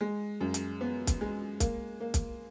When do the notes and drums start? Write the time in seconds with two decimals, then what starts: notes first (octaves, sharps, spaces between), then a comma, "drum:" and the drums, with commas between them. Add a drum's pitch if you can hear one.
0.01 G#3
0.41 F#2
0.54 drum: hi-hat
0.81 B3
1.07 drum: kick, hi-hat
1.21 G#3
1.60 A#3, drum: kick, hi-hat
2.00 A#3
2.14 drum: kick, hi-hat